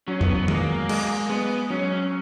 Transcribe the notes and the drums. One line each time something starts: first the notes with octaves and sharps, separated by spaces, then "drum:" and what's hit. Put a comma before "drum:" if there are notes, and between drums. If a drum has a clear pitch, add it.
F#3 C#4
B3, drum: tom F2
B3
G#3 A#3, drum: tom D#3
G#3, drum: cymbal
G#3 B3
F#3 C#4